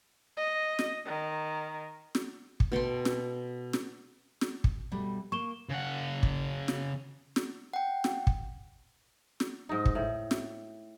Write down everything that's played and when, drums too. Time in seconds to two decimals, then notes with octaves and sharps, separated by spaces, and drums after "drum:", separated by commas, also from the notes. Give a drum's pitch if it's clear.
0.37 D#5
0.79 drum: snare
1.06 D#3
2.15 drum: snare
2.60 drum: kick
2.72 B2 A4 G5 C6
3.05 drum: snare
3.73 drum: snare
4.41 drum: snare
4.64 drum: kick
4.92 B2 G3 A3
5.32 A#3 C#6 E7 G7
5.71 C#3 F#5
6.23 drum: kick
6.68 drum: snare
7.36 drum: snare
7.73 F#5 G5
8.04 drum: snare
8.27 drum: kick
9.40 drum: snare
9.69 G#2 D#4
9.85 drum: kick
9.95 A2
10.31 drum: snare